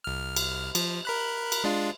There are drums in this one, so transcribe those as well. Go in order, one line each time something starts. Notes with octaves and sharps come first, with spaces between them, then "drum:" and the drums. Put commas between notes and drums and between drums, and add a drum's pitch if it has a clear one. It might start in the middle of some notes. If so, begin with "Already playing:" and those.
C2 F6
drum: cymbal
F3, drum: cymbal
A#4 B5 F#6
drum: cymbal
G#3 D4 F4